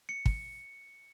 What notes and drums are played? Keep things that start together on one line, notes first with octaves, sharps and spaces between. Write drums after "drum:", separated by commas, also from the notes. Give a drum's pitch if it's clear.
C#7
drum: kick